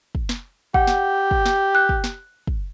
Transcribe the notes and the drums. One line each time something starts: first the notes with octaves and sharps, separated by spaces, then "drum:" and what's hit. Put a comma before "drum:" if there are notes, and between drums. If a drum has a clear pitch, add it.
drum: kick
drum: snare
G4 F#5, drum: kick
drum: snare
drum: kick
drum: snare
F#6
drum: kick
drum: snare
drum: kick